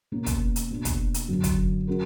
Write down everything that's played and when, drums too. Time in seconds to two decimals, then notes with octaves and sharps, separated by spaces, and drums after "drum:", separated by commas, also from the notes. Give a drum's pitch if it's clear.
0.12 B2 A#3 C#4
0.26 drum: kick, hi-hat
0.56 drum: hi-hat
0.71 B2 A#3 D4
0.85 drum: kick, hi-hat
1.14 drum: hi-hat
1.28 F#2 D3 F#3
1.44 drum: kick, hi-hat
1.87 F#3 C#4 F#4 A#4